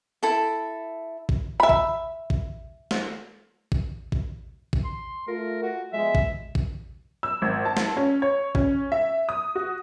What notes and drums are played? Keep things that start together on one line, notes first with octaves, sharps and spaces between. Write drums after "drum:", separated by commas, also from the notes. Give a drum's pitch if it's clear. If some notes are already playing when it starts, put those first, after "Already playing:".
E4 A4 A5
drum: kick
E5 B5
drum: kick
drum: kick
drum: snare
drum: kick
drum: kick
drum: kick
C6
A3 F4 A#4
F#4
B2 F3 G#3 E5
drum: kick
drum: kick
E6
G#1
A5
drum: snare
C#4
C#5
C#4, drum: kick
E5
D#6
F#4